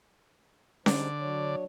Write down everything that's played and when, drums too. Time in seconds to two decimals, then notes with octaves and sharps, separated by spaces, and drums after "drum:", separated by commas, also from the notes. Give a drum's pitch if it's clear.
0.86 D3 G3 D#4 C5 D5, drum: snare C#4
1.20 F#3 D4 C#5